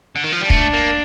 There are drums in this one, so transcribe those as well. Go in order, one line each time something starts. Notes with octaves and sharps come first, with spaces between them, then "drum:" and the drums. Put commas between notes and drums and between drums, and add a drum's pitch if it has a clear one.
D3
D#3
F3
G3
A3 D4, drum: kick
A#3